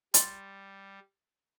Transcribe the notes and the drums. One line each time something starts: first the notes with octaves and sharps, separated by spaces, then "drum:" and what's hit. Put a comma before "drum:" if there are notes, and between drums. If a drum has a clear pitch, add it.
G3 C6 A6, drum: hi-hat